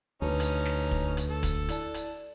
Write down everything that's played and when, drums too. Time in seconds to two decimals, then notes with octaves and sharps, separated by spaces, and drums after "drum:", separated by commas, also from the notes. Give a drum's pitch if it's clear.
0.22 D2 C#4 D#4 B4 A5
0.40 drum: hi-hat
0.66 drum: snare
0.91 drum: kick
1.17 drum: hi-hat
1.30 A4
1.43 drum: kick, hi-hat
1.69 E4 D5 A5, drum: hi-hat
1.94 drum: hi-hat